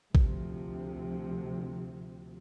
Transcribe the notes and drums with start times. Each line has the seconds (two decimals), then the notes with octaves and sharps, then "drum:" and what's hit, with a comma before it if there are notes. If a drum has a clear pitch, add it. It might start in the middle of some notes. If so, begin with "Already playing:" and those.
0.15 D2 C3 F3, drum: kick A1